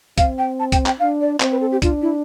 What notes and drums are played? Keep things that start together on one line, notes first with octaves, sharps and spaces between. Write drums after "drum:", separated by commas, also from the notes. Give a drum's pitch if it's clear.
C4 F5, drum: kick, hi-hat
G5
A5
G5, drum: kick, hi-hat
G5, drum: clap
D4 F5
D5
C4 C5, drum: clap
B4
A4
G4
D4 F4, drum: kick, hi-hat
E4